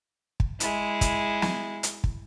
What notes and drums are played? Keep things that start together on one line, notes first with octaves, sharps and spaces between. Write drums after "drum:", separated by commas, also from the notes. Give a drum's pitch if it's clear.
drum: kick
G#3 E4, drum: hi-hat
drum: kick, hi-hat
drum: snare
drum: hi-hat
drum: kick